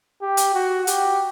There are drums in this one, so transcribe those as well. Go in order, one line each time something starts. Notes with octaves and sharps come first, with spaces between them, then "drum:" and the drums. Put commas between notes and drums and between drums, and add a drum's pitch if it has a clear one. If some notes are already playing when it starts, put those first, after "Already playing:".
G4
drum: hi-hat
F#4
G4, drum: hi-hat